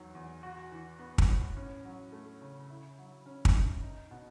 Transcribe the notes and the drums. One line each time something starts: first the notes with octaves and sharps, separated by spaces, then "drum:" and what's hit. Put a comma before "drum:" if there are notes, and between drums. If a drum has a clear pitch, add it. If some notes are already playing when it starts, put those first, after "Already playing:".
Already playing: E2 D#3 F#3
E2
F#4
E3
B3
drum: kick
A2
C#4
F#3
A3
C#3
E4
F#3
C#4
drum: kick
D#3
D#4
B2